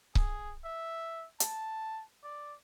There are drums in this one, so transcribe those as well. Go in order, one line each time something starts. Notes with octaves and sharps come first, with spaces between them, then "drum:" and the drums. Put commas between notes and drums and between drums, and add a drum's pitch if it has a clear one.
G#4, drum: kick C#1
E5
A5, drum: hi-hat
D5